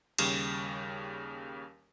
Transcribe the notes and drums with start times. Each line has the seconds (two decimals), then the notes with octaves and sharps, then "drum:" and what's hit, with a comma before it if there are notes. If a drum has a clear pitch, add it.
0.19 D#2 C#3 G3 C#6, drum: cymbal